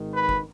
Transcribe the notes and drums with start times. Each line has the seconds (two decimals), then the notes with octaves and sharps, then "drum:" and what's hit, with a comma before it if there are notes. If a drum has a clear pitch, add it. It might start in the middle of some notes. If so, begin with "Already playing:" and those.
Already playing: G#1 G#2 D#3
0.13 B4
0.29 drum: kick